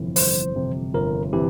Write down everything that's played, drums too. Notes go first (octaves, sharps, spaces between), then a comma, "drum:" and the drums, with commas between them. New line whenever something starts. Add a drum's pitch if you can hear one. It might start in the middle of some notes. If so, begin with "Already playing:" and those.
Already playing: G1 F2 C3 E3
G1 C5, drum: open hi-hat
F2 C3 E3
G1 A#4
C3 E3 G4